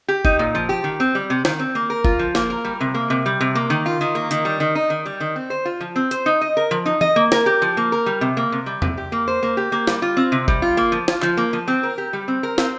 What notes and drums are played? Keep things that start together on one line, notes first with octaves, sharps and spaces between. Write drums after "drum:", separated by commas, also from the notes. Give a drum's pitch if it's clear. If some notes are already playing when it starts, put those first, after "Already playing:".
G4
D#4, drum: kick F#1
A#2
F3
G4
D#3
C4
G3
C3
D#3, drum: snare
C4
A#3
A#4
F4, drum: kick F#1
F3
A#3, drum: snare
A#4
G3
C3
A#3
C3
G3
C3
A#3
D#3
F4
D#3
A#3
D#3, drum: hi-hat
G3
D#3
D#4
D#3
G3
D#3
C4
C5
F4
F3
C4
C5, drum: hi-hat
D#4
D#5
A#4
F3
D#4
D#5, drum: tom E3
A#3
A#4, drum: snare
G4
F3
A#3
A#4
G3
C3
A#3
C3
G3
C3, drum: tom E2
G4
A#3
C5
A#3
G4
A#3
G3, drum: snare
F4
C4
C3
G3, drum: kick F#1
F4
A#3
F3
F4, drum: snare
F3, drum: clap
A#3
F3
C4
A#4
G4
G3
C4
A#4
C4, drum: snare